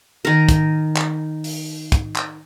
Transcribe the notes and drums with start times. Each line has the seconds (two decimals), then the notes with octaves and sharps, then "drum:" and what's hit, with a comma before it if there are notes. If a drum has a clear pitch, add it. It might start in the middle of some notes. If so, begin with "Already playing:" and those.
0.25 D#3 A#4
0.49 drum: kick, hi-hat
0.96 drum: clap
1.44 drum: open hi-hat
1.92 drum: kick, hi-hat
2.16 drum: clap